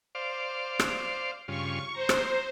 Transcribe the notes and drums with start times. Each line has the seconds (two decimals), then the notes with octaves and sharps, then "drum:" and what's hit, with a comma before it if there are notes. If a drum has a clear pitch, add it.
0.15 C5 D5 F5
0.79 drum: rim click
1.48 G2 C#3 F4 C#6
1.95 C5 A#5
2.09 drum: rim click